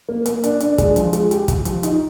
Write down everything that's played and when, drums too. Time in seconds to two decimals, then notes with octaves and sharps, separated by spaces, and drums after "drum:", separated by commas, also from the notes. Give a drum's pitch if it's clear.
0.09 A#3
0.26 A#3, drum: hi-hat
0.44 D4, drum: hi-hat
0.60 D4, drum: hi-hat
0.78 G#3, drum: kick, hi-hat
0.96 F3, drum: hi-hat
1.13 G#3, drum: hi-hat
1.31 G4, drum: hi-hat
1.48 G4, drum: kick, hi-hat
1.65 F3, drum: hi-hat
1.83 D#4, drum: hi-hat